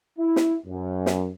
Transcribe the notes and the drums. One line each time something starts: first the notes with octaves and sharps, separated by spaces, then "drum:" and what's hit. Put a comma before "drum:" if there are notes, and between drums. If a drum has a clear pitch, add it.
E4
drum: snare
F#2
drum: snare